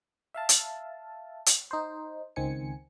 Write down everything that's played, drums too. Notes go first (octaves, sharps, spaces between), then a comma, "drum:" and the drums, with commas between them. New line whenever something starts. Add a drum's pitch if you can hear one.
E5 F5 A5
drum: hi-hat
drum: hi-hat
D#4 C5
C#2 D#3 C4 G#5 C#7